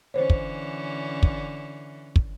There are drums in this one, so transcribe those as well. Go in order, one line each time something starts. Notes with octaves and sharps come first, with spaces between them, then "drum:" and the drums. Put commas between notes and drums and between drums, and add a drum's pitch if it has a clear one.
D3 E3 C#4 C5 C#5
drum: kick
drum: kick
drum: kick